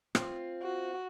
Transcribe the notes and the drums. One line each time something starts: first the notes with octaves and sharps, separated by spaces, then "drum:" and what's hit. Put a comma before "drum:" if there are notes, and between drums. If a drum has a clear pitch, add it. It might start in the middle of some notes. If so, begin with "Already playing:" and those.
C4 F4, drum: rim click
F#4